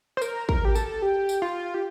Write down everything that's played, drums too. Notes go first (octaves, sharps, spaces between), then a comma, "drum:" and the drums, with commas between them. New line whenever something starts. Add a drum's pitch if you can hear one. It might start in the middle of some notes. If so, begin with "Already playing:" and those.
C5
A#4, drum: tambourine
A#4, drum: kick
G4
A4, drum: tambourine
G4
drum: tambourine
F4
G4